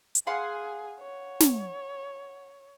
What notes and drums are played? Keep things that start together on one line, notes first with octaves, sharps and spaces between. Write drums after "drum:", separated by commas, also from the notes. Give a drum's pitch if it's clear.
drum: hi-hat
G#4 F5 F#5 G#5 C6
C#5
drum: snare